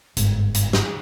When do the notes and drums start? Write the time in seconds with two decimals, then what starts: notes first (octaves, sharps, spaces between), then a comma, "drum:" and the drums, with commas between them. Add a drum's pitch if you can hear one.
0.17 G1 G#2, drum: hi-hat
0.54 drum: hi-hat
0.73 drum: snare